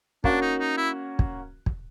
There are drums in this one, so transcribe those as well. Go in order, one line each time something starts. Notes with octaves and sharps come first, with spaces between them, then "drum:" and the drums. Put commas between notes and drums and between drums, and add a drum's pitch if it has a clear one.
A#3 C#4 D4 F#4, drum: kick
D#4
D#4
E4
drum: kick
drum: kick